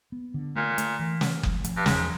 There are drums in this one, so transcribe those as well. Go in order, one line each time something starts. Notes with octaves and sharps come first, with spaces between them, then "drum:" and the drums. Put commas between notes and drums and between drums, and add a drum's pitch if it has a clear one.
B3
D3
A#2 A3
A3, drum: hi-hat
E3
A3, drum: snare
F3, drum: kick F#1
F3, drum: hi-hat
G2
E2 G#2, drum: snare